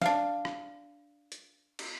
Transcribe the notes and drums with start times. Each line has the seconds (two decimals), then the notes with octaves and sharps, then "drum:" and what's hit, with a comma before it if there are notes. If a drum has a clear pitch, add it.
0.02 D4 F5, drum: snare
0.45 drum: rim click
1.32 drum: hi-hat
1.79 drum: cymbal